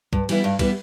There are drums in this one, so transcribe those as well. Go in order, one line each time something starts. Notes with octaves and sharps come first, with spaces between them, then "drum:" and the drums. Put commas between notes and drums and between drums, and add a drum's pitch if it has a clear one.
G2, drum: kick
E3 G3 B3 E4, drum: cymbal
G2
E3 G3 B3 E4, drum: kick, cymbal